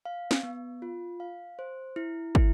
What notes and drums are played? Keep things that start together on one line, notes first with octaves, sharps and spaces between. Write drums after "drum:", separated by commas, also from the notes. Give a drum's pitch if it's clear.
F5
drum: snare
B3
F4
F5
C5
E4
E4, drum: kick